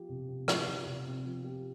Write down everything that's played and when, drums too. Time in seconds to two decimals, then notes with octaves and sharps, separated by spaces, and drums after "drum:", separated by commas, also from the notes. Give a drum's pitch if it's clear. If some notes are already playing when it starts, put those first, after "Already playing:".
Already playing: F3 G4
0.09 C3
0.28 C4
0.48 F3, drum: rim click
0.68 G4
0.86 C3
1.06 C4
1.25 F3
1.44 G4